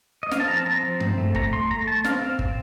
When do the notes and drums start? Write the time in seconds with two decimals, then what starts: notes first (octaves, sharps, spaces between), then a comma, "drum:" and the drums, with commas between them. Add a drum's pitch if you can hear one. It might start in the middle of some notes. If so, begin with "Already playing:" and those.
0.23 D#5
0.31 C4 F5, drum: snare
0.40 A5
0.48 F3 A#5
0.57 A5
0.66 C4 A#5
0.83 F3
1.00 C4, drum: tom G2
1.18 A3
1.35 A3 A#5, drum: kick G1
1.52 A3 C6
1.70 A3 A#5
1.87 A3 A5
2.05 C4 F5, drum: snare
2.22 C4
2.39 C4, drum: kick G1